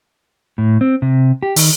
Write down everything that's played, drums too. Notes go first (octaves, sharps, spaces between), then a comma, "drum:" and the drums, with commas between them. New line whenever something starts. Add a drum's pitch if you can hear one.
A2
C4
C3
G4
D#3, drum: open hi-hat